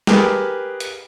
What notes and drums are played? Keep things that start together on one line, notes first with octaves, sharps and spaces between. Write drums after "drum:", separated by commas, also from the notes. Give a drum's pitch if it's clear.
G4 G#4 A#4 B4, drum: snare
drum: hi-hat